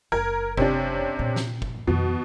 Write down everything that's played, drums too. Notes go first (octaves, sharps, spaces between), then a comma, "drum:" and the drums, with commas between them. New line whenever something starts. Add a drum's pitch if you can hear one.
F#1 A#4 G#6
C3 C#4 D4, drum: kick
A#2
drum: snare
drum: kick
F2 B2 D#3